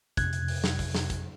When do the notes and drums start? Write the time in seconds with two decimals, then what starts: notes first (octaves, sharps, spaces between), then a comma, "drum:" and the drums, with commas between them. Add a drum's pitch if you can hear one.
0.17 F2 C3 F#6 G#6, drum: kick, hi-hat
0.33 drum: hi-hat
0.48 drum: open hi-hat
0.64 drum: snare
0.79 drum: kick, open hi-hat
0.94 drum: snare
1.10 drum: kick, hi-hat